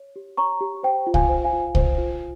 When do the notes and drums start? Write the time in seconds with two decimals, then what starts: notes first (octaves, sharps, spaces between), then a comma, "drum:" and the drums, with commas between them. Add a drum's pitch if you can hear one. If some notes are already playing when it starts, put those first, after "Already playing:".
Already playing: C#5
0.16 G4
0.37 C#5 A#5 C#6
0.61 G4
0.83 C5 G5
1.07 F4
1.14 F5 G#5, drum: kick C2
1.29 C5
1.44 F5 G#5
1.53 F4
1.75 C5, drum: kick C2
1.98 F4